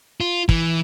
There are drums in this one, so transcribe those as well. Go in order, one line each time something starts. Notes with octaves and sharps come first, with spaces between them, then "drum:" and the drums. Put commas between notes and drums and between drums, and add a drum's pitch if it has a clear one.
F4
E3, drum: kick